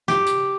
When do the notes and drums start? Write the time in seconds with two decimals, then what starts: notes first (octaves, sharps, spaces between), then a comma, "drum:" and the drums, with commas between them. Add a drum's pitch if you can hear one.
0.08 G4, drum: snare
0.26 drum: hi-hat